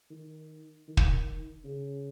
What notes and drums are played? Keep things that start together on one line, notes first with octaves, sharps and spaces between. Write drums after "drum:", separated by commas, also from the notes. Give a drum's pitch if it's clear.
D#3
D#3
drum: kick
C#3